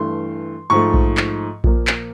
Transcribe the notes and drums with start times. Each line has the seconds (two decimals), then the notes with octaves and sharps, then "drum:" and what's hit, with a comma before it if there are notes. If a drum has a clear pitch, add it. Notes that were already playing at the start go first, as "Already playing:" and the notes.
Already playing: G2 E3 A3 C6
0.70 G#2 F3 A3 C#6
0.94 drum: kick A#1
1.17 drum: clap
1.64 A#2 F3 A#3, drum: kick A#1
1.87 drum: clap